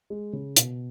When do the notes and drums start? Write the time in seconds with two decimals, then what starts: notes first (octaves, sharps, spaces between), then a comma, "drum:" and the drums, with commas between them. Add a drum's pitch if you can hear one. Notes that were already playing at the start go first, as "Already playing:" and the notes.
0.10 G#3
0.33 C#3
0.56 B2, drum: hi-hat